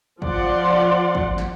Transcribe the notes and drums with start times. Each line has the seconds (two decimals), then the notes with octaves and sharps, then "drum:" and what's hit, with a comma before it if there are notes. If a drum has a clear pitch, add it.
0.22 F3 D5 F#5 C6, drum: kick
1.15 drum: kick
1.38 drum: snare